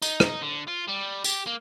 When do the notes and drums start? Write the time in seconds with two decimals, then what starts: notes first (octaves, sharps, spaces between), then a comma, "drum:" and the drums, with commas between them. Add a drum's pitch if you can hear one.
0.02 D#4, drum: tambourine
0.20 drum: rim click
0.42 D3
0.68 F4
0.89 G3
1.24 G4, drum: tambourine
1.46 A#3